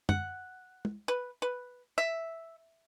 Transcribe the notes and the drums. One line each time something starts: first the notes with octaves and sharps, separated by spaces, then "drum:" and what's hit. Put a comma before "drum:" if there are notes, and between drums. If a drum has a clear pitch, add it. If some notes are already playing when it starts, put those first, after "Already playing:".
F#5, drum: tom
drum: tom
B4
B4
E5